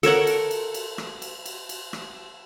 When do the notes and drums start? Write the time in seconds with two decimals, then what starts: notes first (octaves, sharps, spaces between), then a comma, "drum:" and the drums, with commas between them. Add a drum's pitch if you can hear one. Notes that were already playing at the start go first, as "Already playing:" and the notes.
0.03 A4 A#4 C#5 F#5, drum: cymbal
0.27 drum: cymbal
0.51 drum: cymbal
0.74 drum: cymbal
0.98 drum: rim click
1.22 drum: cymbal
1.46 drum: cymbal
1.69 drum: cymbal
1.93 drum: rim click